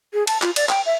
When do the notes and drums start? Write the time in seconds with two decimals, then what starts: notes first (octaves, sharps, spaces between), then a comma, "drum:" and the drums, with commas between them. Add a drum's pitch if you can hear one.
0.14 G#4
0.27 A5, drum: cymbal
0.42 F4, drum: clap
0.56 D5, drum: cymbal
0.69 G5, drum: clap
0.86 E5